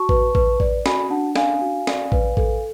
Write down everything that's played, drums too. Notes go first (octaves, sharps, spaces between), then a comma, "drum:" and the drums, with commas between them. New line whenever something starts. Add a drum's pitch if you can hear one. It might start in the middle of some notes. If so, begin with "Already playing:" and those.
Already playing: F#4 A5 C#6
B4, drum: kick A1
B4, drum: kick A1
D5, drum: kick A1
F#4 G#5 B5, drum: snare
D4 F#5 A5
D4 F5 G#5, drum: snare
F#4
D5, drum: snare
B4, drum: kick A1
A4, drum: kick A1